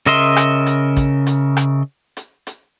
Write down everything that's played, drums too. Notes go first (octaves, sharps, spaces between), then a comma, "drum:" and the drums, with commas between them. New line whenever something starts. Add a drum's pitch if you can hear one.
C#3 A#4 D#5 E5 C6, drum: hi-hat
drum: rim click
drum: hi-hat
drum: kick A1, hi-hat
drum: hi-hat
drum: rim click
drum: hi-hat
drum: hi-hat